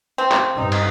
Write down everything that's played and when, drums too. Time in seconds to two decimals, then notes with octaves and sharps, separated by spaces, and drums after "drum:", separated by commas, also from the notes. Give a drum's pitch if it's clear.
0.18 C4
0.32 drum: clap
0.54 G2 D#4
0.72 drum: cymbal